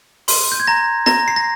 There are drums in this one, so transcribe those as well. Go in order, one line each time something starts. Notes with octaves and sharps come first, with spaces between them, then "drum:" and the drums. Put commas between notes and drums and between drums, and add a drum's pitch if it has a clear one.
C6, drum: open hi-hat
G6
G#6
A#5 A#6
A#5 A#6, drum: snare
C7
A#6